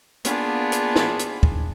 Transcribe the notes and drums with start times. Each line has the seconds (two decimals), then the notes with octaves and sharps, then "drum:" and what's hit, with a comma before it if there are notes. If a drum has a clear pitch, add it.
0.25 A#3 B3 D4 F4 G#4, drum: hi-hat
0.72 drum: hi-hat
0.96 drum: snare
1.19 drum: hi-hat
1.43 drum: kick